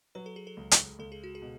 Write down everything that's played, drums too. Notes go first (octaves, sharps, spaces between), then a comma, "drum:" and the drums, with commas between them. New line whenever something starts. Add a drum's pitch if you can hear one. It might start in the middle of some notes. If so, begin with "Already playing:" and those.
F#3 B4
A4
G#4
A4
C#2
drum: hi-hat
C#2 A4
G#4
F#4
G#4
B2